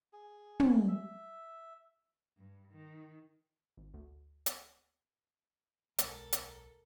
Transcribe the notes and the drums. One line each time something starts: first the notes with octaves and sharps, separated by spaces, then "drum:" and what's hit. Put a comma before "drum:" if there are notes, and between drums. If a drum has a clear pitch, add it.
G#4
drum: tom
E5
G2
D#3
G#1
D2
drum: hi-hat
D1 B1 G#3 A4 A#4, drum: hi-hat
drum: hi-hat